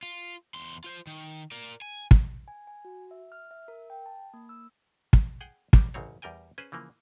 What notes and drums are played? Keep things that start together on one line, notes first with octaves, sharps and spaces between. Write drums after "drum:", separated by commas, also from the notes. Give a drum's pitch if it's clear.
F4
E2 C6
F4 C5
D#3
A#4 D5
G#5
drum: kick
G#5
G#5
F#4
E5
F6
E5
A#4
G5
A5
A#3
E6
drum: kick
G#4 F#5 G5
F#3 G3 A#4 C5, drum: kick
A1 F#2 C#3 C4 C#5
E2 G3 A#4 G5 G#5
C#4 G#4 B4 C5
C#3 E3 F3 A#3